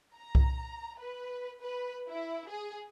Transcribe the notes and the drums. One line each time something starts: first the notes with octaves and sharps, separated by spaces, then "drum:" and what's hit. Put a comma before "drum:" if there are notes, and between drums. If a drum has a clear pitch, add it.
A#5
drum: kick C2
B4
B4
E4
G#4